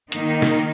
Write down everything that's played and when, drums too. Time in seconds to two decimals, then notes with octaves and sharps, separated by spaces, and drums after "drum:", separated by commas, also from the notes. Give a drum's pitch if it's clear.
0.12 D#3 A#3 D#4, drum: hi-hat
0.42 drum: snare C#3